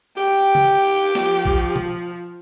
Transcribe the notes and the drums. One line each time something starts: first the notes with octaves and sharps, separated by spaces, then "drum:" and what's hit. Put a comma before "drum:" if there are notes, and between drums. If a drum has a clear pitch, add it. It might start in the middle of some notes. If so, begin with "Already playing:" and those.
G4 G5
drum: tom
F3, drum: snare
drum: kick A#1
drum: tom B2